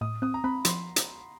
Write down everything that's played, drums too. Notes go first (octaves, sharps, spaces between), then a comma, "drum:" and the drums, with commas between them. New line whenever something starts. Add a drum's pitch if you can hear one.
A2 D#6
C4 D#6
A#5
C4 B5
F3 C6, drum: hi-hat
drum: hi-hat